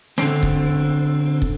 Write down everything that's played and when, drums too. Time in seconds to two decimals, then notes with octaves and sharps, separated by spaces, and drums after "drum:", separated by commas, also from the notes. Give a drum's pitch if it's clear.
0.18 D3 C4, drum: snare
0.43 drum: kick
1.42 drum: kick